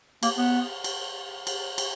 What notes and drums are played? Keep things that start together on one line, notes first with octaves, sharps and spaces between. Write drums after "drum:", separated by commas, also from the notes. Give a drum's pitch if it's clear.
A#3, drum: cymbal
B3
drum: cymbal
drum: cymbal
drum: cymbal